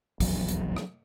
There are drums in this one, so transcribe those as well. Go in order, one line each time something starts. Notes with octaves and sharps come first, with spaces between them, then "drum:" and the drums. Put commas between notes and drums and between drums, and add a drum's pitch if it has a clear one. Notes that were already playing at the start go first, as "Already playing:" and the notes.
D#1 A#1 E2 F#3, drum: kick, open hi-hat
drum: hi-hat
drum: rim click